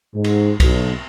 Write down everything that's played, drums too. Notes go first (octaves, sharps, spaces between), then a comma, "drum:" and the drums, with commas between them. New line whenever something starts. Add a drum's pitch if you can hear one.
G#2
drum: cymbal
B1, drum: kick C2, cymbal